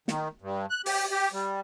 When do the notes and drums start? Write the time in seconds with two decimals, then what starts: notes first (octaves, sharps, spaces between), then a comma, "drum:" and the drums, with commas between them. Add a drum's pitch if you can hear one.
0.08 D#3, drum: snare
0.41 G2
0.70 F#6
0.86 G4, drum: open hi-hat
1.12 G4
1.33 G3